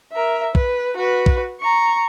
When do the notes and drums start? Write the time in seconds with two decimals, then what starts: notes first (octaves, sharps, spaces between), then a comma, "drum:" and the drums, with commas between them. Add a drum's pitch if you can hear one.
0.12 A#4 E5
0.55 B4, drum: kick
0.97 F#4 B4
1.26 drum: kick
1.61 A#5 C#6